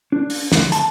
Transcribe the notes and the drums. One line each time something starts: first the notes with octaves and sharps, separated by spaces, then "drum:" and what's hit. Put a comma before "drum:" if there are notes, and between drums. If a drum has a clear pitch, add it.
D4
drum: open hi-hat
D2, drum: snare
A5, drum: hi-hat